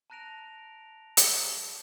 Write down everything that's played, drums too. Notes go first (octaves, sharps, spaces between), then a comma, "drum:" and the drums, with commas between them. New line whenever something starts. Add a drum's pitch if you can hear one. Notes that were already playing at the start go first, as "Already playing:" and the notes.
A5 A#5 F#6 A#6 D7 F7
drum: hi-hat